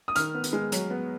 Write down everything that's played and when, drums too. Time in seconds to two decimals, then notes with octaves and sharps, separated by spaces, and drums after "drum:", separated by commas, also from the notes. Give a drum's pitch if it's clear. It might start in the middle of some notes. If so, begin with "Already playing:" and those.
0.08 D#6
0.16 D#3 F6, drum: hi-hat
0.35 B3
0.44 drum: hi-hat
0.53 G#3
0.72 F#3, drum: hi-hat
0.90 B3